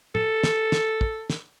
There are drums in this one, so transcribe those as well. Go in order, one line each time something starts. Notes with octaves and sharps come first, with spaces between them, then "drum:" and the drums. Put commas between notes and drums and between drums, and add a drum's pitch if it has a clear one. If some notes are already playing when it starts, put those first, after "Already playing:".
A4, drum: tom
drum: snare
drum: snare
drum: kick
drum: snare